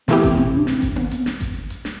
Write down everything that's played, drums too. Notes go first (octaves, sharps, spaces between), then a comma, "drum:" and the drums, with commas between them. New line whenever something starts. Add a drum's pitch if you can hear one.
C3 E3 A3 B3 E4 G4, drum: snare
C4, drum: kick G#1, hi-hat
C4, drum: tom A2
C4
D4
C4, drum: snare
drum: kick G#1, hi-hat
B3, drum: tom A#3
drum: hi-hat
drum: snare
drum: kick G#1, hi-hat
drum: hi-hat
drum: snare